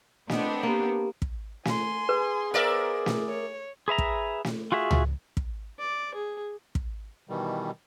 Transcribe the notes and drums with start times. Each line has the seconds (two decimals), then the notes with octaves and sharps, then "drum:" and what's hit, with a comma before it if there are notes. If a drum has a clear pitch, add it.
0.29 B3 C4 D4 D#5, drum: snare
0.63 A#3 G4 A#4
1.22 drum: kick
1.65 G#5 C6, drum: snare
2.09 G#4 B4
2.54 B3 A#4 C5 D5 E5
3.06 drum: snare
3.28 C#5
3.88 G#4 B4 E5 A#5
3.98 drum: kick
4.45 drum: snare
4.72 F4 F#4 G#4 E5
4.91 drum: tom C#2
5.37 drum: kick
5.79 D5
6.14 G#4
6.75 drum: kick
7.29 B2 D#3 E3 G3